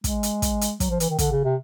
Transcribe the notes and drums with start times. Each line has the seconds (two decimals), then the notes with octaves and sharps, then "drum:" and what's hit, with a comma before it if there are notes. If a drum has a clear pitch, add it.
0.04 G#3, drum: kick, hi-hat
0.23 drum: hi-hat
0.42 drum: kick, hi-hat
0.61 drum: hi-hat
0.80 F#3, drum: kick, hi-hat
0.90 F3
1.00 E3, drum: hi-hat
1.10 D#3
1.19 D3, drum: kick, hi-hat
1.32 C#3
1.44 C3